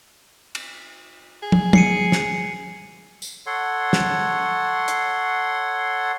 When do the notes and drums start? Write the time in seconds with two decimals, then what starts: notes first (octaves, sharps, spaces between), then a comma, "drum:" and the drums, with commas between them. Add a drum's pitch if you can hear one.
0.55 drum: cymbal
1.43 G#4
1.52 drum: tom
1.73 C7 C#7 D#7, drum: tom
2.12 drum: snare
3.22 drum: tambourine
3.47 A4 C#5 F#5 C6
3.93 drum: snare
4.88 drum: hi-hat